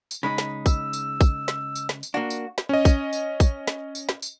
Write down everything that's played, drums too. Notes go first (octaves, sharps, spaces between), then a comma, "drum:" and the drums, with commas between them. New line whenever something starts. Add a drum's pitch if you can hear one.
drum: tambourine
C#3 G#3 D#4 B5
drum: snare
E6, drum: kick, tambourine
drum: tambourine
drum: kick, tambourine
drum: snare
drum: tambourine
drum: snare
drum: tambourine
A#3 D4 F#4
drum: tambourine
drum: snare
C#4 D#5
drum: kick, tambourine
drum: tambourine
drum: kick, tambourine
drum: snare
drum: tambourine
drum: snare
drum: tambourine